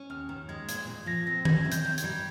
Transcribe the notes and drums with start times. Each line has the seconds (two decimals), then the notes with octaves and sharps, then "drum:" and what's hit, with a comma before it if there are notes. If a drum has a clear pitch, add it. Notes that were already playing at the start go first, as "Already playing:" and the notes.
Already playing: C#4
0.10 D#2 F6
0.29 D#3
0.49 G#3 G#6
0.69 A#2 G#6, drum: hi-hat
0.87 A#2
1.06 F3 A#6
1.27 C4
1.45 C#4 G#6, drum: tom D#3
1.65 C3
1.72 G6, drum: hi-hat
1.84 D#3
1.98 G#6, drum: hi-hat
2.04 G3